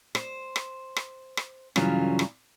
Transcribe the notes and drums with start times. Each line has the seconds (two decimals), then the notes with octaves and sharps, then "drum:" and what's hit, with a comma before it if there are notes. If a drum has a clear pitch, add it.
0.15 C5, drum: rim click
0.56 drum: rim click
0.96 drum: rim click
1.37 drum: rim click
1.76 G2 C#3 E3 F#3 C#4 F4, drum: rim click
2.19 drum: rim click